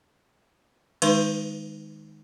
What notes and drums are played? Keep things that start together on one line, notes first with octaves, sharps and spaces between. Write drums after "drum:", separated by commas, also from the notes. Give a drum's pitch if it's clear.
D#3 G#3 D#4 B4, drum: cymbal